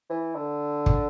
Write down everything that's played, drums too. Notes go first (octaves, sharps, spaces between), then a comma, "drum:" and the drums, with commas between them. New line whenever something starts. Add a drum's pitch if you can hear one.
E3
D3
drum: kick